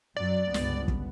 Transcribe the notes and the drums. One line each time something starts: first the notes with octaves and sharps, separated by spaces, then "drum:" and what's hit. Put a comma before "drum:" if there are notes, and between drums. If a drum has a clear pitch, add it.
F#2 F#3 D5
G1 C#2 B3, drum: snare
drum: kick